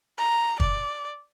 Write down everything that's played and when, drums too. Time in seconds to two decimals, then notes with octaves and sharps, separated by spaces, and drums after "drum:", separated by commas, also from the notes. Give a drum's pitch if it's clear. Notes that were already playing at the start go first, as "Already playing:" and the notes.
0.18 A#5
0.60 D5, drum: kick